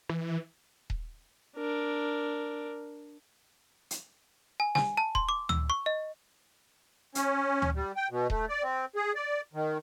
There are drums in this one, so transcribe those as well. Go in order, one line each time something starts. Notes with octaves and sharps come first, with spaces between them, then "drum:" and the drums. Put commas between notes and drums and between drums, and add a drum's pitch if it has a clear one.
E3
drum: kick D#1
D4 A#4
drum: hi-hat
G#5
G#5, drum: snare
A5
C6, drum: kick D#1
D6
E6, drum: tom D2
C#6
D#5
C#4, drum: hi-hat
drum: tom D2
G3
G5
B2
A3, drum: kick D#1
D5
C4
G#4
D5
D#3